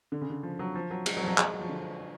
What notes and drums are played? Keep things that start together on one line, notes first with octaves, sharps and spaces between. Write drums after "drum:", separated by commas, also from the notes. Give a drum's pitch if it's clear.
D3
C#3
D3
F3
F#3
F3
F#3
G#3, drum: cymbal
F#3
F3
F#3
G#3, drum: clap
F#3
F3
D3